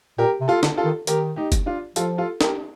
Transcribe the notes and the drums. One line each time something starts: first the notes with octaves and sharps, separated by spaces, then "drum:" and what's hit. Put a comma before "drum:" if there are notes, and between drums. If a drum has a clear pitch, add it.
A#2 G4 A#4
C3
F4 A4
D3, drum: snare
F4 A4
D#3
D#3 G4 A#4, drum: hi-hat
D#4 G4
drum: kick, hi-hat
D4 F4
F3 F4 A4, drum: hi-hat
F4 A4
G4 A#4, drum: snare